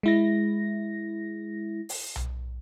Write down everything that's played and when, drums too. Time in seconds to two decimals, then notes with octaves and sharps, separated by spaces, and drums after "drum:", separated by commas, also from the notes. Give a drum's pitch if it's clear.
0.03 G#3 E4 A#6
1.89 drum: open hi-hat
2.16 drum: tom B1